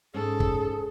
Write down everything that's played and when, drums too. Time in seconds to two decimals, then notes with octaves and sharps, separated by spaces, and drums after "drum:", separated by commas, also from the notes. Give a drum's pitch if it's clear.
0.14 G#2 C#4 G#4 A4
0.40 drum: kick